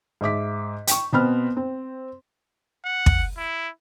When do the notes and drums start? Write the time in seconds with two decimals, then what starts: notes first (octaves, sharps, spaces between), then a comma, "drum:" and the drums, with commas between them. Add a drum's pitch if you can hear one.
0.21 G#2 E5 D6 B6
0.87 G5 C#6, drum: hi-hat
1.12 B2 B3 C4 B5 F6
1.57 C4
2.85 F#5
3.06 drum: kick
3.38 E4